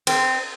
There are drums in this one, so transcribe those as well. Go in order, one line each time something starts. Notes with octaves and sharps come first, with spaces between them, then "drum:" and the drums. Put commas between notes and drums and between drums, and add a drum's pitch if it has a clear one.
C4, drum: cymbal